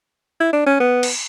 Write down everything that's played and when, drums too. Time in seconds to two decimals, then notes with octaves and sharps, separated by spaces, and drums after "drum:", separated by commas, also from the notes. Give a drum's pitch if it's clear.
0.40 E4
0.53 D4
0.66 C#4
0.80 B3
1.03 drum: cymbal